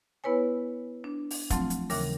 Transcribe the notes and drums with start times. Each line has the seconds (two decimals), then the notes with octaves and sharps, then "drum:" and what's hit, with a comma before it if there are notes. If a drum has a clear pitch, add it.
0.24 B3 E4 B4 C#5 G#5
1.04 D4
1.31 drum: open hi-hat
1.50 F3 F#3 A3 C4 F4, drum: kick, hi-hat
1.70 drum: hi-hat
1.90 D#2 C#3 E3 A#4 D6, drum: open hi-hat